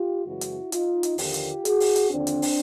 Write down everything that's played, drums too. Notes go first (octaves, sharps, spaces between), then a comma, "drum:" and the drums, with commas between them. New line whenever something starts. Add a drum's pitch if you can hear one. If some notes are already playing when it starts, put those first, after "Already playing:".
Already playing: F4 G4
F#2 C#3 E3 G#3 E4 F#4
drum: hi-hat
D#4 F4, drum: hi-hat
drum: hi-hat
D#2 D3 F3 A#3 F4 G4, drum: open hi-hat
drum: hi-hat
F#4 G#4, drum: hi-hat
drum: open hi-hat
drum: hi-hat
D#2 D3 F3 C4 D4
drum: hi-hat
drum: open hi-hat